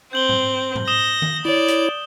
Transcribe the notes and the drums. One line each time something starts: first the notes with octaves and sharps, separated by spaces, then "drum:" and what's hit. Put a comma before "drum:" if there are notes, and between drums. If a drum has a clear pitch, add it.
C4 G6 F#7 G7
drum: tom G#2
drum: tom G#2
D#6 A#6 E7 G7
drum: tom D#3
E4 C#5 D5
drum: hi-hat